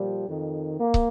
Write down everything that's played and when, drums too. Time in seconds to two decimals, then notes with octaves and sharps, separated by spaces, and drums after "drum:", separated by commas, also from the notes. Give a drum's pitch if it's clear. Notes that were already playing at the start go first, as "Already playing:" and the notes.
Already playing: A#2 F3 G3
0.27 F2 D#3
0.80 A#3
0.94 drum: kick